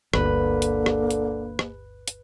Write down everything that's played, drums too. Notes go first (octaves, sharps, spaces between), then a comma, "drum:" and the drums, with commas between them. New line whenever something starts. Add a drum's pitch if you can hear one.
G1 D2 D3 A#3 B4, drum: rim click
drum: hi-hat
drum: rim click
drum: hi-hat
drum: rim click
drum: hi-hat